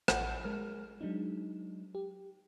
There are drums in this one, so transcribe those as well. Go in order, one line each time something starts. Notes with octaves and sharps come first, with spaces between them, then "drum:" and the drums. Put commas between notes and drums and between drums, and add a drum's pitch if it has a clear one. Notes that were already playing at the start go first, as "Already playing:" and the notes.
A1 F#5 G6, drum: rim click
G#3 A#4 F6
F#3 G#3 D4 D#4
G4